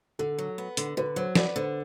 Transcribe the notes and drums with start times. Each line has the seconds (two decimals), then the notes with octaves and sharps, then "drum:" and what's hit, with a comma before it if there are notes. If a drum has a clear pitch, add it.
0.19 D3 A4
0.38 F#3
0.58 B3
0.77 D3, drum: hi-hat
0.97 D3 B4
1.16 F#3 C5
1.35 B3 D5, drum: snare
1.56 D3 C5